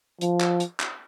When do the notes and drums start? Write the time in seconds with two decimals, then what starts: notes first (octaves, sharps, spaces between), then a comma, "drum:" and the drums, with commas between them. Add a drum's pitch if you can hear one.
0.21 F3, drum: hi-hat
0.40 drum: clap
0.60 drum: hi-hat
0.80 drum: clap